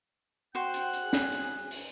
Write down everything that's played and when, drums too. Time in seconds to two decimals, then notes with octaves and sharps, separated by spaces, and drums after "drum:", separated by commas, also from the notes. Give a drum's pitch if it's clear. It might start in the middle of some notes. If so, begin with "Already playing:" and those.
0.55 F#4 C5 G5 F#6
0.74 drum: hi-hat
0.93 drum: hi-hat
1.02 G#4
1.13 drum: snare
1.32 drum: hi-hat
1.71 drum: open hi-hat